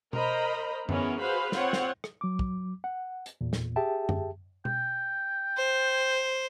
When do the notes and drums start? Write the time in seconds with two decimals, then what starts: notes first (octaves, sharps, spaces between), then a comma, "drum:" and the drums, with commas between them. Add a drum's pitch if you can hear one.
0.13 A#4 C5 D#5 A#5 B5, drum: tom B2
0.89 E3 B3 C#4 G#4 A#4, drum: tom F#2
1.20 F#4 G#4 B4 C5 F5 B5
1.52 C4 F4 C#5 F#5, drum: snare
1.73 drum: snare
2.04 drum: rim click
2.21 F#3 D6
2.39 drum: kick
2.84 F#5
3.26 drum: hi-hat
3.41 E2 A#2
3.53 drum: snare
3.76 G4 G#4 E5 G5 A5
4.09 drum: tom F#2
4.65 G5, drum: tom B2
5.57 C5